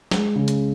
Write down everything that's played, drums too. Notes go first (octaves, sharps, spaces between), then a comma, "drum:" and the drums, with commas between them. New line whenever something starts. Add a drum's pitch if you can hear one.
G#3, drum: snare
C#3
drum: hi-hat